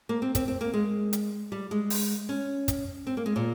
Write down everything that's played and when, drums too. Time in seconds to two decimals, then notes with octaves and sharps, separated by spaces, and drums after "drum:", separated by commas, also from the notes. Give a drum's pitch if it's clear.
0.09 A#3
0.22 C4
0.35 C4, drum: kick, hi-hat
0.48 C4
0.61 A#3
0.74 G#3
1.13 drum: hi-hat
1.52 G3
1.71 G#3
1.90 drum: open hi-hat
2.29 C#4
2.68 drum: kick, hi-hat
3.07 C4
3.17 A#3
3.26 G#3
3.36 A#2